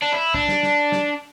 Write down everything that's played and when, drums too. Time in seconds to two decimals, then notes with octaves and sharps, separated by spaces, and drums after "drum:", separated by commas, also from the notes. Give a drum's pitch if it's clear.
0.02 D4
0.12 E4
0.34 D4, drum: kick
0.49 drum: snare
0.63 drum: snare
0.92 drum: snare